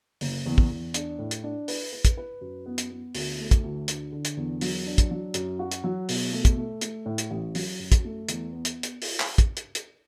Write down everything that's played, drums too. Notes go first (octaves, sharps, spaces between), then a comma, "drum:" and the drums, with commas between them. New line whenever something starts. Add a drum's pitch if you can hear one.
F#1, drum: open hi-hat
E2
drum: kick
E2
D4, drum: hi-hat
A2
drum: hi-hat
D4
B4, drum: open hi-hat
B4
drum: kick, hi-hat
B4
F#2
B3
drum: hi-hat
B3
D2, drum: open hi-hat
A3
drum: kick, hi-hat
D2
D3, drum: hi-hat
D3
drum: hi-hat
E2
F#3, drum: open hi-hat
D4
drum: kick, hi-hat
F#3
F#2, drum: hi-hat
F#4
drum: hi-hat
F#3
B2, drum: open hi-hat
A3
drum: kick, hi-hat
A3
A3, drum: hi-hat
A2
drum: hi-hat
A1
F#3, drum: open hi-hat
F#2
drum: kick, hi-hat
A3
E2, drum: hi-hat
B3
drum: hi-hat
drum: hi-hat
drum: open hi-hat
drum: clap
drum: kick, hi-hat
drum: hi-hat
drum: hi-hat